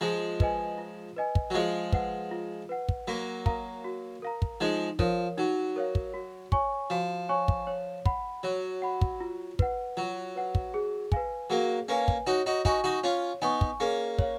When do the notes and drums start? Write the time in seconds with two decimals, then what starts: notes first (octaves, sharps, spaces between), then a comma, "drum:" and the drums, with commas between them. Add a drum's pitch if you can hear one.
0.01 F3 G#3 F4
0.40 B4 D#5 G#5, drum: kick
0.78 F4
1.16 B4 D#5 G#5
1.35 drum: kick
1.50 F#3
1.54 F3 G#3 F4
1.92 B4 F#5, drum: kick
2.31 F4
2.69 B4 F#5
2.89 drum: kick
3.08 F#3 A#3 F#4
3.46 A#4 F5 A#5, drum: kick
3.84 F#4
4.22 A#4 F5 A#5
4.42 drum: kick
4.61 F3 G#3 D#4
4.99 F3 A#4 C#5 F5, drum: kick
5.37 F#3 D#4
5.76 A#4 C#5 F5
5.95 drum: kick
6.14 F#4
6.52 C#5 G#5 C#6, drum: kick
6.90 F3 F#4
7.29 C#5 G#5 C#6
7.48 drum: kick
7.67 C#5
8.05 F#5 B5, drum: kick
8.43 F#3 C#5
8.82 F#5 B5
9.01 drum: kick
9.20 F4
9.59 B4 F#5, drum: kick
9.97 F#3 F4
10.36 B4 F#5
10.55 drum: kick
10.74 G#4
11.12 B4 F5 G#5, drum: kick
11.50 F#3 A#3 G#4
11.88 A#3 C#4 B4 F5 G#5
12.08 drum: kick
12.27 D#4 F#4 C#5
12.46 D#4 F#4
12.65 D#4 F#4 G#5 C#6, drum: kick
12.84 D#4 F#4
13.04 C#4 F4 C#5
13.42 B3 D#4 G#5 C#6
13.61 drum: kick
13.80 A#3 C#4 G#4
14.19 C#5 F5, drum: kick